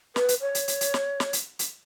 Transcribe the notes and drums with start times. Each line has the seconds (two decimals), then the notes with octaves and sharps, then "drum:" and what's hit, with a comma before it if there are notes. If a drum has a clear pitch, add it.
0.16 B4, drum: snare
0.29 drum: hi-hat
0.41 C#5
0.55 drum: hi-hat
0.68 drum: hi-hat
0.81 drum: hi-hat
0.94 drum: snare
1.20 drum: snare
1.33 drum: hi-hat
1.59 drum: hi-hat